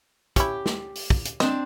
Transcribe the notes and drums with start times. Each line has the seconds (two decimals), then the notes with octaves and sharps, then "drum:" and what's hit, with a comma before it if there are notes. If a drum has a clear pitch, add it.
0.36 C#4 E4 G4, drum: kick, hi-hat
0.66 drum: snare
0.95 drum: open hi-hat
1.10 drum: kick
1.25 drum: hi-hat
1.40 C4 D4 D#5, drum: snare